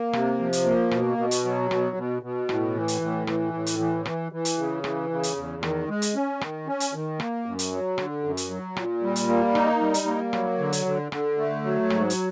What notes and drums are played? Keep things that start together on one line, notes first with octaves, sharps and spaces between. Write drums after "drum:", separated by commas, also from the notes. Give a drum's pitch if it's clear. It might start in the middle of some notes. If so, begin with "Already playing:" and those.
Already playing: A#3
C3, drum: rim click
F3
drum: hi-hat
A#3
B2, drum: rim click
B2
drum: hi-hat
F#3
B2, drum: rim click
B2
B2
A2, drum: rim click
E3
drum: hi-hat
A2
E3, drum: rim click
A2
drum: hi-hat
E3
E3, drum: rim click
E3
drum: hi-hat
C#3
E3, drum: rim click
C#3
drum: hi-hat
E2
D#3, drum: rim click
G#3
drum: hi-hat
C#4
D#3, drum: rim click
C#4
drum: hi-hat
D#3
A#3, drum: rim click
F#2
drum: hi-hat
F#3
D3, drum: rim click
F#2
drum: hi-hat
F#3
A#2, drum: rim click
G3
drum: hi-hat
A#3
D#4, drum: rim click
G3
drum: hi-hat
A#3
F#3, drum: rim click
D3
drum: hi-hat
D3
D3, drum: rim click
A3
F#3
G#2, drum: rim click
drum: hi-hat